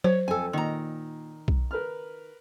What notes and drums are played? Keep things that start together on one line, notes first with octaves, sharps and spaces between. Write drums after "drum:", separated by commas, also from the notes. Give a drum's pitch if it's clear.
F#3 C5 C#5
F2 A4 G#5
A#2 D#3 A#5
drum: kick B1
A#4 B4 F6